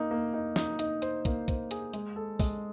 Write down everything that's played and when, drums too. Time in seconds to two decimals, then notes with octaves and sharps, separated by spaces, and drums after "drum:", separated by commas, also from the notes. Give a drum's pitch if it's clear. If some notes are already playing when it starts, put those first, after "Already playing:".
Already playing: A#3 D#4
0.11 A#3
0.34 D#4
0.56 D#4, drum: snare
0.79 D#4, drum: hi-hat
1.02 C5, drum: hi-hat
1.25 A#3, drum: kick, hi-hat
1.48 C5, drum: kick, hi-hat
1.71 G#4, drum: hi-hat
1.93 G#3, drum: hi-hat
2.16 A4
2.40 G#3, drum: kick, open hi-hat